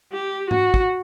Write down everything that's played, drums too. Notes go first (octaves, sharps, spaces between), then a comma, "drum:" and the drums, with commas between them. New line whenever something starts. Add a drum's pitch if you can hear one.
G4
F#4, drum: tom G#2
drum: kick